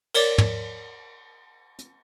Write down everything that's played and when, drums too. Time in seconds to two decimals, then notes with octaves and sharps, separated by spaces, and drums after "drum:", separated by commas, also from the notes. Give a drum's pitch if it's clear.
0.14 A#4 C#5 D5 D6 A6, drum: cymbal
0.38 drum: tom
1.79 drum: hi-hat